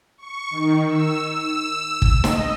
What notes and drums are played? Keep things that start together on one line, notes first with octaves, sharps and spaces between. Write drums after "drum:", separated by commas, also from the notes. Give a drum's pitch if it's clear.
C#6
D#3
E6
E6
drum: kick
D#5, drum: snare